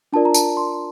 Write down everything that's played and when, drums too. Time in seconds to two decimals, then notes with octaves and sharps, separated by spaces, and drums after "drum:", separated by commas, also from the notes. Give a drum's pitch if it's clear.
0.13 D4 F4 A#4 D5 A5
0.25 A#5
0.34 A5, drum: tambourine
0.57 C6